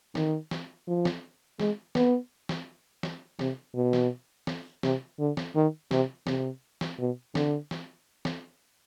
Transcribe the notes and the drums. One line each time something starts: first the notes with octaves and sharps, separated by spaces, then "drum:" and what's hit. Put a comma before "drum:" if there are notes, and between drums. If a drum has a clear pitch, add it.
D#3, drum: snare
drum: snare
F3
drum: snare
G#3, drum: snare
B3, drum: snare
drum: snare
drum: snare
C3, drum: snare
B2
drum: snare
drum: snare
C3, drum: snare
D3
drum: snare
D#3
C3, drum: snare
C3, drum: snare
drum: snare
B2
D3, drum: snare
drum: snare
drum: snare